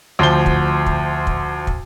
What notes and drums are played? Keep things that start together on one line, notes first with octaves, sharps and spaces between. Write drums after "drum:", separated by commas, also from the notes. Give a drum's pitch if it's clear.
D2 F3 C5 G7
drum: kick
drum: kick
drum: kick
drum: kick